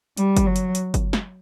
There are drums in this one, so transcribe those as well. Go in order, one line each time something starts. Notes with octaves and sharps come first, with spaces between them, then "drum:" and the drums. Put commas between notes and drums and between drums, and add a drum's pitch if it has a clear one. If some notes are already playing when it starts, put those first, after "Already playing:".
G3, drum: hi-hat
drum: kick G1, hi-hat
F#3
drum: hi-hat
drum: hi-hat
drum: kick G1, hi-hat
drum: snare